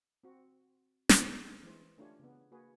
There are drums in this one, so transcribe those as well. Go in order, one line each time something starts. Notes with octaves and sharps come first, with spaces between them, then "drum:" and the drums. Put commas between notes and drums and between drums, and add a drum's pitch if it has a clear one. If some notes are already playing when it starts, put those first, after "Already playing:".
C4 F#4
E3 D4 F#4 C#5, drum: snare
E3 G#3 C5
A3 C#4 D4 F4 G4 C#5
C#3 B3
A#3 F#4 G#4 B4